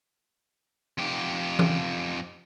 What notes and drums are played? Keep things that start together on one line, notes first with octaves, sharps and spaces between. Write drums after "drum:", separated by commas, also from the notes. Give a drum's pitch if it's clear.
F2 G4
drum: tom E3